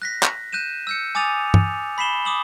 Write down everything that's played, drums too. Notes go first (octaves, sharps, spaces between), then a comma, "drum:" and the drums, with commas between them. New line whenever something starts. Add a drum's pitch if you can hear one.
F#6 A#6 B6
drum: clap
F#6 G6 D#7 E7
E6 G6 C#7
G#5 D6 D#6 A6 F7
drum: tom G2
B5 B6 C7 E7 G7
D6 D#6 F#7